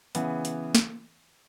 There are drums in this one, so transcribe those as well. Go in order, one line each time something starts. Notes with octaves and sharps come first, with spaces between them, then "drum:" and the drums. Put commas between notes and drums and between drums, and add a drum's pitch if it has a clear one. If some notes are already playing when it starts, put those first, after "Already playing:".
C#3 E3 B3, drum: hi-hat
drum: hi-hat
drum: snare